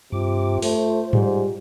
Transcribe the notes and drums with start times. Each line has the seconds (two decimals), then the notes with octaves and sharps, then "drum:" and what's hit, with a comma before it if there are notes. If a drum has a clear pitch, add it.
0.12 G2 C3 F4 D6
0.62 A3 C5, drum: open hi-hat
1.13 G#2 G3, drum: tom G#2